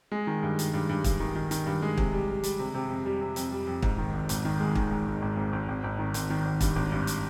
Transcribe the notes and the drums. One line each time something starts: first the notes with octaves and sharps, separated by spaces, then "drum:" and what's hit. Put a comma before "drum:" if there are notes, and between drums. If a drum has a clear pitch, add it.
G#3
D#3
G2
D#3, drum: hi-hat
G2
G2
G2, drum: kick, hi-hat
D#3
D#3
D#3, drum: hi-hat
G2
G#3
C3, drum: kick
G3
G3
G3, drum: hi-hat
C3
C3
F2
G3
C3
F2, drum: hi-hat
G3
F2
G#2, drum: kick
D#3
G#1
G#1, drum: hi-hat
D#3
G#3
D#3, drum: kick
G#2
G#1
G#1
G#2
G#1
G#1
G#1
D#3
G#1, drum: hi-hat
D#3
G#1
G2, drum: kick, hi-hat
G#1
G2
drum: hi-hat